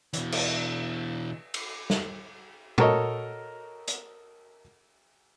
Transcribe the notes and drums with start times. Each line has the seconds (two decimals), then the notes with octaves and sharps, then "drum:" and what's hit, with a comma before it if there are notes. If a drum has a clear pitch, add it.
0.13 B2 E3, drum: hi-hat
0.32 drum: cymbal
1.54 drum: cymbal
1.90 drum: snare
2.78 F#4 A4 A#4 C#5 D#5, drum: tom A#2
3.88 drum: hi-hat